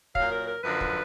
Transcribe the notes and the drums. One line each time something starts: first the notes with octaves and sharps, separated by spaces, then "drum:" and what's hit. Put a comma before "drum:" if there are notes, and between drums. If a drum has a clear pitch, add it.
A#2 F#3 F5, drum: kick
A#4
A#4
F#2 D3 F3 B4
drum: kick